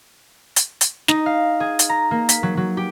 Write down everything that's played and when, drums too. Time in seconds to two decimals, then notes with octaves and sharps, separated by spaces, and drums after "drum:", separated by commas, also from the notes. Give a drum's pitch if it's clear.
0.56 drum: hi-hat
0.81 drum: hi-hat
1.08 D#4, drum: snare
1.26 F5
1.60 G#4
1.79 drum: hi-hat
1.89 A#5
2.11 A#3
2.29 B6, drum: hi-hat
2.43 F#3
2.57 F#3
2.77 G4